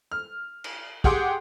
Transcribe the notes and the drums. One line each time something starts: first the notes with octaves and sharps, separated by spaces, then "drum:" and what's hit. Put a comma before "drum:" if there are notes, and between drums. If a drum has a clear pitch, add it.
F6
drum: cymbal
G4 G#4 F#5 G5 C6 D6, drum: kick